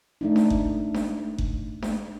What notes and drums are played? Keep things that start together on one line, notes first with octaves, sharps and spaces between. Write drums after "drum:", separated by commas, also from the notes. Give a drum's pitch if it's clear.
A3 D4 D#4
drum: snare D4
drum: kick F#1
drum: snare D4
drum: kick F#1
drum: snare D4